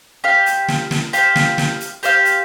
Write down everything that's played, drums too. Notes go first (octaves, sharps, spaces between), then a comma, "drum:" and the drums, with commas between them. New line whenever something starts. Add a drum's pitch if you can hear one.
G4 C5 F5
drum: hi-hat
drum: snare
drum: snare
G4 C5 F5, drum: hi-hat
drum: snare
drum: snare
drum: hi-hat
G4 C5 F5, drum: hi-hat
drum: hi-hat